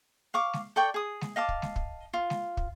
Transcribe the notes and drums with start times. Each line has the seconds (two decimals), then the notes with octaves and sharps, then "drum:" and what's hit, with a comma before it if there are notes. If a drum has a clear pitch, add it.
0.34 F5 C#6 D6
0.53 drum: snare G#3
0.76 A4 D5 G5 C#6
0.94 G#4 D#6
1.21 drum: snare G#3
1.36 D#5 F5 A5 D6
1.49 drum: kick
1.62 drum: snare G#3
1.76 drum: kick
2.13 F4
2.30 drum: snare G#3
2.57 drum: kick